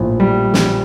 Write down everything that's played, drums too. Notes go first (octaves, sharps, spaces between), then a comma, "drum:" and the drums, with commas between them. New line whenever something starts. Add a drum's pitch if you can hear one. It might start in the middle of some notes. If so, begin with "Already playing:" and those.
Already playing: A#1 A2
G3
drum: snare